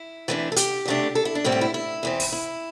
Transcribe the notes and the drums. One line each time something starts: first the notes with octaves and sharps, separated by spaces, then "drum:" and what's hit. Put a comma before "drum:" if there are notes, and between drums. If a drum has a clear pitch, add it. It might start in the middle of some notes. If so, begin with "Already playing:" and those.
Already playing: E4
C3 E3 A3 D4
A4
G4, drum: hi-hat
D2 C3 A3 D4
A4
E4
D4
A2 G3 C4 E4
G4
E4
E4
E2 E3 C4
drum: open hi-hat
E4